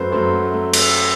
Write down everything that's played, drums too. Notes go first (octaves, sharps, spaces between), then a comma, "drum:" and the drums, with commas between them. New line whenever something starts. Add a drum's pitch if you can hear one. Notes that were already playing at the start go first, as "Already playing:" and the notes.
Already playing: F#2 F#3 A3 B4 C5
F#2 F#3 A3 C5
A3
drum: cymbal